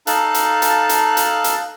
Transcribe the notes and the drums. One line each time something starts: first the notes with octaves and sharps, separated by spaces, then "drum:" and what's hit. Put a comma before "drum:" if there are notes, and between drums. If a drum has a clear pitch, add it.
D#4 A4 F5 A5 F#6, drum: hi-hat
drum: hi-hat
drum: hi-hat
drum: hi-hat
drum: hi-hat
drum: hi-hat